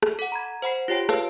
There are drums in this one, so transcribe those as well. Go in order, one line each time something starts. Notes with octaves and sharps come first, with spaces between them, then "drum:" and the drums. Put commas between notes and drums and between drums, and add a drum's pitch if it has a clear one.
drum: rim click
A4 F#5
A#5 B5 G#6
C5 F#5 B5 C7
F4 G4 C#5 G5 D7
B4 C#5 F5 A5 E6, drum: rim click